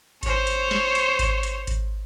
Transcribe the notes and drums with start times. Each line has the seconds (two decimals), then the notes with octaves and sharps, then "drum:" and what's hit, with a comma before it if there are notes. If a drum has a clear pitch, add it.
0.23 C5 C#5, drum: kick G#1, hi-hat
0.47 drum: hi-hat
0.71 drum: snare
0.95 drum: hi-hat
1.19 drum: kick G#1, hi-hat
1.43 drum: hi-hat
1.67 drum: kick G#1, hi-hat